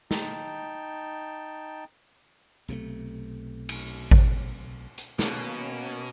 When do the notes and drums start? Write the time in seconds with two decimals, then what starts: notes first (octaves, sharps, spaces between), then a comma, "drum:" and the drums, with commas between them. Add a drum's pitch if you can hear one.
0.11 D#4 G5 A5, drum: snare
2.68 B1 C3 D#3 A3
3.69 drum: cymbal
4.11 drum: kick G#1
4.98 drum: hi-hat
5.19 B2 A#3 C#4, drum: snare